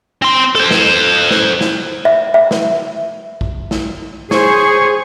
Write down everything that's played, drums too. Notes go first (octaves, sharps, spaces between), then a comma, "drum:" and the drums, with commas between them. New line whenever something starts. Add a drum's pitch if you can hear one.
C4 C6
A4 C5
drum: snare
drum: snare
drum: snare
E5
E5
drum: snare
drum: kick
drum: snare
G#4 C5 C#5 G#5 C#6, drum: snare